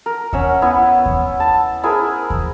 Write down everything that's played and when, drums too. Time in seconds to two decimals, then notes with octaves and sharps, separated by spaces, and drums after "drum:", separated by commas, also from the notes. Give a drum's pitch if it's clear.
0.06 A#4
0.33 C#4 E5 F#5, drum: kick D#2
0.62 B3 E4
1.06 drum: kick D#2
1.40 A5
1.84 E4 G#4 A#4 C5
2.30 drum: kick D#2